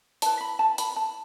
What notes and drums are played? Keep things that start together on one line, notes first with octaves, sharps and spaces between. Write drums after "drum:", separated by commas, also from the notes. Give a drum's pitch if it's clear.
E4 B4 A5, drum: hi-hat
B5
A5
B5, drum: hi-hat
A5